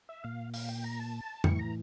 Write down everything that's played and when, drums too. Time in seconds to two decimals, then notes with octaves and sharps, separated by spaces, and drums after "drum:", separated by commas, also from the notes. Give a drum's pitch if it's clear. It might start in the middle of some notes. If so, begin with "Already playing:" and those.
0.09 E5
0.24 A#2 F5
0.54 F5, drum: open hi-hat
0.69 G5
0.84 A#5
0.99 A5
1.44 A2 E3 C#6, drum: tom F2
1.59 A#5